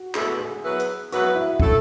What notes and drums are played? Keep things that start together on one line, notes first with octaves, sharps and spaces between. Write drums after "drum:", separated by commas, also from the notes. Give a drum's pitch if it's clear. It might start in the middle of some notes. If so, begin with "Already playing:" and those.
Already playing: F#4
B2 A3 E4 G#4 A4, drum: clap
G#4
F#3 B3 E4 B4
drum: hi-hat
F#3 B3 E4 F#4 B4, drum: hi-hat
E4
A3 C#4 E4 A4, drum: kick